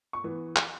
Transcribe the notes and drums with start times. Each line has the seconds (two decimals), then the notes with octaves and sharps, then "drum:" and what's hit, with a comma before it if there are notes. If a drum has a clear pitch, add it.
0.13 C#6
0.24 E3 B3
0.56 drum: clap